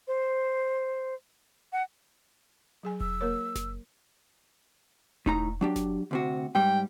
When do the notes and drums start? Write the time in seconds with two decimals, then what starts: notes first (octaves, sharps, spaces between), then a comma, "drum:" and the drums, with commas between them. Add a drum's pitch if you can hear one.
0.07 C5
1.72 F#5
2.83 F#3 G#4 G#5
3.00 E6, drum: kick E1
3.21 A#3 A#4 C#5
3.56 drum: snare F#1
5.26 A2 D#4 A#5, drum: kick E1
5.61 F#3 D4 G4
5.76 drum: snare F#1
6.11 D2 C3 F#4
6.55 G#2 G3 G5